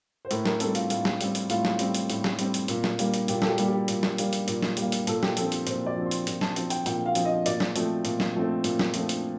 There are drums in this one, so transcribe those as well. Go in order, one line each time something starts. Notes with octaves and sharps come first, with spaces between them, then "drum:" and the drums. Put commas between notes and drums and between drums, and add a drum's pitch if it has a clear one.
C5
A2 A#4, drum: hi-hat
A#4, drum: snare
G3 C4 A4, drum: hi-hat
F4, drum: hi-hat
A2 F4, drum: hi-hat
drum: snare
G3 C4, drum: hi-hat
drum: hi-hat
A2 F4, drum: hi-hat
drum: snare
G3 C4, drum: hi-hat
drum: hi-hat
A2, drum: hi-hat
drum: snare
G3 C4, drum: hi-hat
drum: hi-hat
A#2, drum: hi-hat
drum: snare
G3 A#3, drum: hi-hat
drum: hi-hat
A#2 G4, drum: hi-hat
A4, drum: snare
G4
G3 A#3, drum: hi-hat
G4
A#2, drum: hi-hat
drum: snare
G3 A#3, drum: hi-hat
drum: hi-hat
A#2, drum: hi-hat
drum: snare
G3 A#3, drum: hi-hat
drum: hi-hat
A#2 A4, drum: hi-hat
G4, drum: snare
F3 C4 A4, drum: hi-hat
drum: hi-hat
A#2 C5, drum: hi-hat
D5
F3
C4 C6
drum: hi-hat
A#2, drum: hi-hat
A5, drum: snare
F3 C4, drum: hi-hat
G5, drum: hi-hat
A#2 G5, drum: hi-hat
F5
F3 C4, drum: hi-hat
D#5
A#2 D5, drum: hi-hat
drum: snare
F3 A3 C4, drum: hi-hat
A#2, drum: hi-hat
drum: snare
F3 A3 C4
A#2, drum: hi-hat
drum: snare
F3 A3 C4, drum: hi-hat
drum: hi-hat